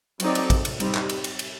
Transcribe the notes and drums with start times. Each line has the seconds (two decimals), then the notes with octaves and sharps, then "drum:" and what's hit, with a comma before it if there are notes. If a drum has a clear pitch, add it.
0.20 F#3 C4 D#4 A4 D5, drum: cymbal
0.35 drum: cymbal
0.50 drum: kick, cymbal
0.65 drum: cymbal
0.80 G3 C4 D#4, drum: cymbal
0.95 drum: clap
1.09 drum: cymbal
1.24 drum: cymbal
1.39 drum: cymbal